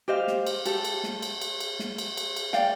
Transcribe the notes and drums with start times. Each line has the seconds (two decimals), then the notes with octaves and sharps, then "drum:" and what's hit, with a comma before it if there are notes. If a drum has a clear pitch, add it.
0.08 G4 C5 D#5 F5
0.28 drum: snare
0.47 drum: cymbal
0.66 G4 A4, drum: cymbal
0.84 drum: cymbal
1.03 drum: snare
1.22 drum: cymbal
1.41 drum: cymbal
1.60 drum: cymbal
1.79 drum: snare
1.98 drum: cymbal
2.17 drum: cymbal
2.36 drum: cymbal
2.53 D5 F5 G5, drum: snare